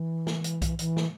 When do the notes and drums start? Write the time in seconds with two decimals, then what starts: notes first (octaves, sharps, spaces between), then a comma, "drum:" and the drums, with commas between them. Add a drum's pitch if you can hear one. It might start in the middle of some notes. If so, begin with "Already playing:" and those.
Already playing: E3
0.27 drum: snare
0.44 drum: hi-hat
0.62 drum: kick B1, hi-hat
0.79 E3, drum: hi-hat
0.97 drum: snare